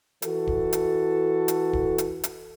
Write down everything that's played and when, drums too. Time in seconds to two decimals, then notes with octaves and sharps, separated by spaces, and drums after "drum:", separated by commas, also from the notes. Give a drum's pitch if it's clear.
0.22 E3 F#4 A4, drum: hi-hat
0.47 drum: kick
0.73 drum: hi-hat
1.48 drum: hi-hat
1.73 drum: kick
1.98 drum: hi-hat
2.24 drum: hi-hat